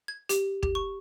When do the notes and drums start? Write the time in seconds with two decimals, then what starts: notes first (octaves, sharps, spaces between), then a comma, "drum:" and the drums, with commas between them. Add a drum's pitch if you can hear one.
0.08 G#6
0.29 G4, drum: hi-hat
0.63 G4, drum: kick
0.75 C#6